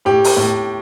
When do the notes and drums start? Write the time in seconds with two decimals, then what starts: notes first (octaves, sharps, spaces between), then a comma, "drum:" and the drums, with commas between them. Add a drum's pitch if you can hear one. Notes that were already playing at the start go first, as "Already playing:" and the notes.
0.05 A2 G4
0.24 drum: open hi-hat
0.37 A2